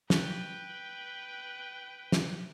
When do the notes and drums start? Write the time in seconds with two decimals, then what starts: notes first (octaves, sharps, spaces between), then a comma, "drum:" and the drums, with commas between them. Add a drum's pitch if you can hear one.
0.10 B4 G5, drum: snare
2.12 drum: snare